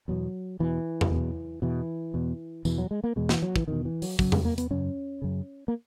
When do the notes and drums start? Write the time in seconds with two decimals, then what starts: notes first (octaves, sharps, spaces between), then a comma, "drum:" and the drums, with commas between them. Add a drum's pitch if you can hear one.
0.08 E2 B2 F#3
0.60 E2 B2 E3
1.01 drum: tom E2
1.11 E2 B2
1.62 E2 B2 E3
2.14 E2 B2
2.65 E2 B2 E3, drum: tambourine
2.78 F#3
2.91 G#3
3.04 A#3
3.16 E2 B2 G#3
3.29 E3, drum: snare
3.42 F#3
3.56 E3, drum: kick
3.68 E2 B2 D#3
3.85 E3
4.02 F#3, drum: open hi-hat
4.19 F#2 C#3 F#3, drum: kick
4.32 G#3, drum: tom E2
4.45 A#3
4.58 B3, drum: hi-hat
4.70 F#2 C#3 C#4
5.22 F#2 C#3
5.68 A#3